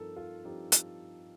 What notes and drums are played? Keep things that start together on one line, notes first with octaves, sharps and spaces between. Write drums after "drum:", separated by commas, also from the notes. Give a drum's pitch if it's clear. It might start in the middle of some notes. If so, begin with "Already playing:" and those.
Already playing: G2 F3 C4 D#4 A4 A#4
F4
G2 F3 C4 D#4 G4
drum: hi-hat